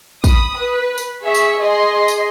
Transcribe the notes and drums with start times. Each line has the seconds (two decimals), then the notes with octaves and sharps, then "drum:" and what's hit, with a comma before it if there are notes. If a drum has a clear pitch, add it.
0.24 B5 D#6, drum: kick, tambourine
0.57 B4
0.98 drum: tambourine
1.24 G#4 E5 C#6
1.34 drum: tambourine
1.60 G#4 D#5 C6
2.08 drum: tambourine